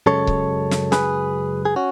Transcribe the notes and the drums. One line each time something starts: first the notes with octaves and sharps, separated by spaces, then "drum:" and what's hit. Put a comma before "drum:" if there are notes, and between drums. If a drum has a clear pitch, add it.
F#2 C#3 G#3 A4 C#5
drum: kick C#1
drum: snare
G#4 B4, drum: snare
G#4
C#4 F#4